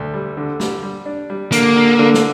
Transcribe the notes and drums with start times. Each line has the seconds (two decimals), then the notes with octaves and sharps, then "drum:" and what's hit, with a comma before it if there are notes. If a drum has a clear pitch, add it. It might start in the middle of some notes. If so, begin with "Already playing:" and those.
Already playing: D2
0.14 G3
0.37 D3
0.60 G3, drum: snare
0.83 G3
1.06 D4
1.30 G3
1.52 D3 A#3, drum: hi-hat
1.76 D3
1.99 D3
2.14 drum: snare